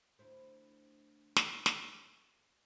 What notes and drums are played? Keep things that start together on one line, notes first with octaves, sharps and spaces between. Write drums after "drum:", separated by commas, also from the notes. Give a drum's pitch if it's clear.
D2 E4 C5
drum: snare
drum: snare